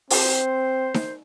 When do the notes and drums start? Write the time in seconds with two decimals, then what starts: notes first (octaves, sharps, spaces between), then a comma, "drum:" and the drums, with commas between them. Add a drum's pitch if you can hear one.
0.10 C4 C5, drum: open hi-hat
0.94 drum: snare D#4